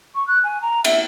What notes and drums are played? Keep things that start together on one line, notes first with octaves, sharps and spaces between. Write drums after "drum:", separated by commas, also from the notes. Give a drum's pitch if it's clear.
C#6
F#6
G#5
A#5
E5, drum: cymbal